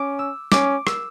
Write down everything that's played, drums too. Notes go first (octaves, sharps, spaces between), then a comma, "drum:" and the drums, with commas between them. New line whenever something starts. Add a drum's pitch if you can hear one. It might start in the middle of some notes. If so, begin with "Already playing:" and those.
Already playing: C#4 D6
E6
C#4 D6, drum: snare
E6, drum: rim click